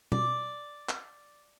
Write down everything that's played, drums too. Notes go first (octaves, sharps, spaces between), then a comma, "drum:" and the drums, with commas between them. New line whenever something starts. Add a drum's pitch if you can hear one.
D5, drum: tom B2
drum: clap